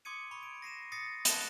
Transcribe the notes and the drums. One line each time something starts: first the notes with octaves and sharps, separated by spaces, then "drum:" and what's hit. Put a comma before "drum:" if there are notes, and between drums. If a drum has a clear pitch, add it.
C6 D6 D#6 G#6 C#7 D#7
B5 C#6
D7
A#6 C7 D#7 E7
D#6 A6 A#6 C7 C#7
A5 B5 F#6 A6 D7, drum: hi-hat